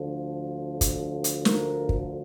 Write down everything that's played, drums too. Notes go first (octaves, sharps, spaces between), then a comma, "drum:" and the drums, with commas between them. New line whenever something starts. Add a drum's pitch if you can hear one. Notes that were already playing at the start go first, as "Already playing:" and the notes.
Already playing: D2 D3 F3
drum: kick, hi-hat
drum: hi-hat
A#4, drum: snare
drum: kick